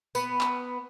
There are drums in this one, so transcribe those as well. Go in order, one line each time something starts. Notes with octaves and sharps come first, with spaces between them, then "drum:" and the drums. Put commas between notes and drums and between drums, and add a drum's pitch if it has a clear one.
B3, drum: tambourine
drum: clap